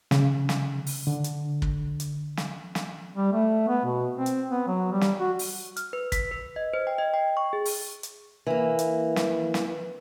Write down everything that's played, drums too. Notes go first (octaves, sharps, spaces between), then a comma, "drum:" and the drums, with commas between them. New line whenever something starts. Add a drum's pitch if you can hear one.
C#3, drum: snare
drum: snare
drum: open hi-hat
D3
drum: hi-hat
drum: kick
drum: hi-hat
drum: snare
drum: snare
G3
A3
B3
B2
C4
drum: hi-hat
B3
F#3
G3
drum: snare
F#4
drum: open hi-hat
F6, drum: hi-hat
B4
B6, drum: kick, hi-hat
B4
D#5
C5
G5
D#5
G5
C#6
G#4
drum: open hi-hat
drum: hi-hat
E3 A#3
drum: hi-hat
drum: snare
drum: snare